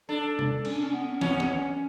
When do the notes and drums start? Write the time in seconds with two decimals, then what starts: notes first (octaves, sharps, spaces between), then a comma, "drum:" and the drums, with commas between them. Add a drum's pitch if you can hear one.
0.09 D4 A4
0.39 drum: tom
0.65 C#4, drum: cymbal
0.74 D4
0.83 C#4
0.93 B3
1.09 C#4
1.21 B3 C#4, drum: snare
1.40 drum: snare
1.49 C#4